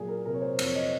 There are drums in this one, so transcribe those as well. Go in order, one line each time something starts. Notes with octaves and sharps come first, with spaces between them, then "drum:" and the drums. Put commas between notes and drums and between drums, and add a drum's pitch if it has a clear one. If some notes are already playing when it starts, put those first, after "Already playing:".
Already playing: A#2 F#3 G#4
A#4
C3 A#4
C#5
C5
F2, drum: cymbal
C#5
D#5